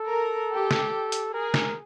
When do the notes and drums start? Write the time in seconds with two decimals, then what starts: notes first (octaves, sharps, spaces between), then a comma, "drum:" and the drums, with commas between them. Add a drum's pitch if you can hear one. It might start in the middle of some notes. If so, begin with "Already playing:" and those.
Already playing: A4
0.09 A#4
0.50 G4
0.71 drum: snare
1.12 drum: hi-hat
1.33 G#4 A#4
1.54 drum: snare